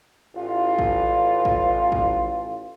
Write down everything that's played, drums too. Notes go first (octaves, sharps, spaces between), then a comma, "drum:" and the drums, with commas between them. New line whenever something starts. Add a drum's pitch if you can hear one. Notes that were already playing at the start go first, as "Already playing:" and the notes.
A1 F4
drum: kick A#1
drum: kick A#1
drum: kick A#1